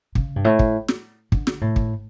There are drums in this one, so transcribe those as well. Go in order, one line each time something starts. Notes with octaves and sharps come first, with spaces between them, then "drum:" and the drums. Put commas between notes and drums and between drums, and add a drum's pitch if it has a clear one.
C#3, drum: kick
G2
A2
drum: kick
drum: snare
D3, drum: kick
drum: snare
A2
drum: kick